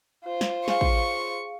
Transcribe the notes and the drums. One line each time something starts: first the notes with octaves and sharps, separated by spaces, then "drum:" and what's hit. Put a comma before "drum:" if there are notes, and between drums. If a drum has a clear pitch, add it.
F4 C5
drum: snare
G#4 F5 C#6, drum: snare
drum: kick A1